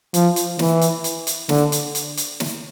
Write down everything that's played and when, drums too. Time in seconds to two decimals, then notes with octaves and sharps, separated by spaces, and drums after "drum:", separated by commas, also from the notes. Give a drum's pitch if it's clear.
0.14 F3, drum: hi-hat
0.36 drum: hi-hat
0.59 E3, drum: snare
0.81 drum: hi-hat
1.04 drum: hi-hat
1.27 drum: hi-hat
1.49 D3, drum: snare
1.72 drum: hi-hat
1.95 drum: hi-hat
2.17 drum: hi-hat
2.40 drum: snare